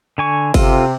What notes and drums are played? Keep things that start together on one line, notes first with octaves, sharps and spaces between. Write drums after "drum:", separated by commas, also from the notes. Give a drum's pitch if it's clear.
D3 G#5 C#6
C3 C4 F4 A4, drum: kick G1, cymbal